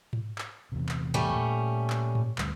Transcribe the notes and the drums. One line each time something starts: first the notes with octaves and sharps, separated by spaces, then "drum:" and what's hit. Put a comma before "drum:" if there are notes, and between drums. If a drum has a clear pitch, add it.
drum: tom G#2
drum: clap
E2 C3
drum: clap
G3 A3 C#4, drum: tom G#2
A#2
drum: clap
drum: tom G#2
D2 G3, drum: clap